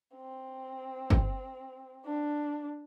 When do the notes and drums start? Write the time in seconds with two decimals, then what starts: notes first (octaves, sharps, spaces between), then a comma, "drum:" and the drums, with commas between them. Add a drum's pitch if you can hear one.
0.15 C4
1.10 drum: kick G1
2.05 D4